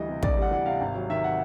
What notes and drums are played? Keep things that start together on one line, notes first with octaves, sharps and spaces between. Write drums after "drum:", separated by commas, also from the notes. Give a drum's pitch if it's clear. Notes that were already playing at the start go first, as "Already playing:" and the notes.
Already playing: D2 E3 G3 D#5
C3
D2 D5, drum: kick
G3 F#5
E3 F#5
C3 F5
G#1
F#3
D#3 E5
F#5